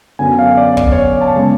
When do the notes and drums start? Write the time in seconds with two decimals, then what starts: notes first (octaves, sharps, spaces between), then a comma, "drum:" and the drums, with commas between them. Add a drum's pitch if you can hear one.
0.19 F#2 D3 F#3 B3 G#5
0.39 F5
0.57 D5
0.77 D5, drum: kick
0.92 C#5
1.21 A5
1.36 C#3 G#3 B3